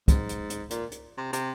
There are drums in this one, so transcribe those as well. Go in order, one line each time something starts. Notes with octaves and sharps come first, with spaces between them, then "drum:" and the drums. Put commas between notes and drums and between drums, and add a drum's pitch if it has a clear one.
G#2, drum: kick, hi-hat
drum: hi-hat
drum: hi-hat
A#2, drum: hi-hat
drum: hi-hat
C3
C3, drum: hi-hat